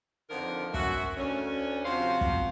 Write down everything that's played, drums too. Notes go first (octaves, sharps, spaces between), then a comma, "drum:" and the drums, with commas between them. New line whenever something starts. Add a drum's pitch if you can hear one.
F2 D3 D#3 F3 B3 A#4
F#2 F#4 E5, drum: kick
D2 C#4
C3 F3 F#4 C5 F5
drum: kick